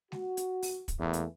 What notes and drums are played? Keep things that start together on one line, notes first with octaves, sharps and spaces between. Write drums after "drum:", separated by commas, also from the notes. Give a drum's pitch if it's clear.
F#4, drum: snare G#3
drum: hi-hat
drum: open hi-hat
drum: kick, hi-hat
E2 E3 A3 A#3
drum: hi-hat